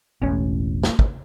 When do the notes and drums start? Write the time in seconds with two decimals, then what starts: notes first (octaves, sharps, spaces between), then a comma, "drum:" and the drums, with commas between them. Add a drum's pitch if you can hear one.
0.22 E1 A1 A2 C#4
0.83 drum: snare
0.99 drum: kick